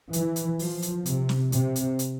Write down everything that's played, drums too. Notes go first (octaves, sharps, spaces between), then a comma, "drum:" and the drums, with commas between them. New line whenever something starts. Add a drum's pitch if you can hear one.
E3, drum: hi-hat
drum: hi-hat
F3, drum: open hi-hat
drum: hi-hat
C3, drum: hi-hat
drum: snare
C3, drum: hi-hat
drum: hi-hat
drum: hi-hat